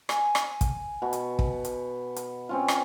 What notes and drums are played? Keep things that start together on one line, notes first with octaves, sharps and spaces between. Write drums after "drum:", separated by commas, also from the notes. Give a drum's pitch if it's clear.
G#5, drum: rim click
drum: rim click
drum: kick, hi-hat
B2
drum: hi-hat
drum: kick
drum: hi-hat
drum: hi-hat
C4 C#4 F4
drum: rim click